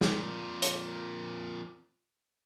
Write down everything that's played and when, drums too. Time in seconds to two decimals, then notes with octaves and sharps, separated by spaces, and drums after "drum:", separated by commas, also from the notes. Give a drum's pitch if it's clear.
0.01 F2 A#2, drum: snare
0.62 drum: hi-hat